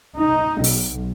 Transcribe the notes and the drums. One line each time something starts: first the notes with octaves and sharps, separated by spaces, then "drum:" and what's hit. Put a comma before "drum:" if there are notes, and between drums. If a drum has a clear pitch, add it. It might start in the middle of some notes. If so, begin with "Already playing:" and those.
D#4
B1, drum: open hi-hat